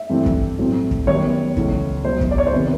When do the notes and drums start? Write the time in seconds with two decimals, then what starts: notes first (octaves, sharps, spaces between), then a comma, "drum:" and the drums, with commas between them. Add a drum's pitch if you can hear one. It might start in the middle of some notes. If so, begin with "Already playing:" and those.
Already playing: E5
0.10 G2 E3 A3 C4
0.26 drum: kick
0.59 A2 F#3 A3 C4
0.91 drum: kick
1.07 F#2 D#3 G3 B3 C#5
1.56 C#2 C#3 E3 A3, drum: kick
2.05 C#2 B2 F#3 C5
2.21 drum: kick
2.31 D5
2.38 C#5
2.47 C5
2.54 C3 D#3 B4